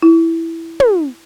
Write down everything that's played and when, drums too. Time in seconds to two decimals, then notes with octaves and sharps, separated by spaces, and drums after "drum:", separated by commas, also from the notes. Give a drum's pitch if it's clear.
0.02 E4
0.80 drum: tom